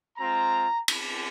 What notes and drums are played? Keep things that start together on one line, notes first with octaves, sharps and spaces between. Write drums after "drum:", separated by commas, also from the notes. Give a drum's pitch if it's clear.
G#3 C4 F4 A#5
drum: cymbal